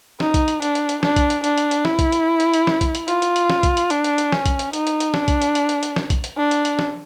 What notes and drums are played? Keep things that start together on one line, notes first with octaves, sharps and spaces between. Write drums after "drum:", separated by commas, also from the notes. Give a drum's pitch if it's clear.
D#4, drum: snare
drum: kick, hi-hat
drum: hi-hat
D4, drum: hi-hat
drum: hi-hat
drum: hi-hat
D4, drum: snare
drum: kick, hi-hat
drum: hi-hat
D4, drum: hi-hat
drum: hi-hat
drum: hi-hat
E4, drum: snare
drum: kick, hi-hat
drum: hi-hat
drum: hi-hat
drum: hi-hat
drum: snare
drum: kick, hi-hat
drum: hi-hat
F4, drum: hi-hat
drum: hi-hat
drum: hi-hat
drum: snare
drum: kick, hi-hat
drum: hi-hat
D4, drum: hi-hat
drum: hi-hat
drum: hi-hat
C#4, drum: snare
drum: kick, hi-hat
drum: hi-hat
D#4, drum: hi-hat
drum: hi-hat
drum: hi-hat
D4, drum: snare
drum: kick, hi-hat
drum: hi-hat
drum: hi-hat
drum: hi-hat
drum: hi-hat
drum: snare
drum: kick, hi-hat
drum: hi-hat
D4
drum: hi-hat
drum: hi-hat
drum: snare